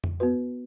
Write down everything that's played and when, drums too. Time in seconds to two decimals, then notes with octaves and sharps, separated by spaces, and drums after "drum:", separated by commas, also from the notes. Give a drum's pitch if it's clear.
0.04 drum: tom F2
0.20 B3 F#4 B4